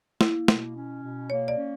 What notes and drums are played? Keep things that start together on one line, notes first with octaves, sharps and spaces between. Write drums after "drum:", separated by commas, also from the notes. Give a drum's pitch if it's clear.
A#3 E4, drum: snare
B2, drum: snare
C#4
B2
A#3 C#5
D5
C#4